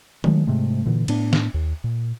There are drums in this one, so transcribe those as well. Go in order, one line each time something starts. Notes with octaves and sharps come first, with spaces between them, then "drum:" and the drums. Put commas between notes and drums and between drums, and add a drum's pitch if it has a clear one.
D#3 F#3 G#3 A3, drum: tom D#3
G#2 C3 G#3 A3
A#2 D3 E3
A2 B3 D4, drum: cymbal
drum: snare
D#2
A#2